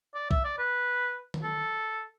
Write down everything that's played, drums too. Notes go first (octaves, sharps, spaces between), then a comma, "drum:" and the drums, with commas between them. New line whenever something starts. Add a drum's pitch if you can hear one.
D5
E5, drum: kick
D5
B4
drum: tom D#3
A4